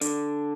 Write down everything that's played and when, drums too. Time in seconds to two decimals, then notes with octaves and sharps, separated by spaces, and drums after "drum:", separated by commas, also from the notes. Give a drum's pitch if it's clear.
0.01 D3, drum: hi-hat